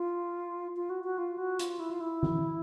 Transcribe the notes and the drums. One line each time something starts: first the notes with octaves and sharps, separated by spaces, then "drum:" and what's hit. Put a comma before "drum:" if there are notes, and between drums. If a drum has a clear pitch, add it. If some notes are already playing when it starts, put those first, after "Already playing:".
Already playing: F4
F4
F#4
F#4
F4
F#4
F4, drum: hi-hat
E4
F4
E4
drum: tom E3